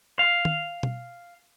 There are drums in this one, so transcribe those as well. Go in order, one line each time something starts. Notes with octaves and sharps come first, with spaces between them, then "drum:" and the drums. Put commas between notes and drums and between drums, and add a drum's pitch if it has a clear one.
F5
drum: tom
drum: tom B2